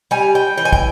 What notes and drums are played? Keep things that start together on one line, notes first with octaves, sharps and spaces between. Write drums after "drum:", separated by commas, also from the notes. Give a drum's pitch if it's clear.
G3 G#5
G5
E3 G5
G#5
G5, drum: kick